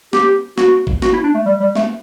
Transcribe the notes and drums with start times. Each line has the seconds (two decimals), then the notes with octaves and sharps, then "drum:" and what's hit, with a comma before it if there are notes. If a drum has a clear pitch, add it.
0.13 G4, drum: snare
0.58 F#4, drum: snare
0.87 drum: kick G1
1.02 F#4, drum: snare
1.13 E4
1.23 D4
1.35 A3
1.46 G3
1.60 G3
1.76 A3, drum: snare